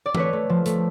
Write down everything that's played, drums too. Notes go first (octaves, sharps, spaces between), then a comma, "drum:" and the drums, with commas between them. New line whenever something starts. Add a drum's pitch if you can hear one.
D5
A3 B4 C#5, drum: tom E3
A3
F3
A3, drum: hi-hat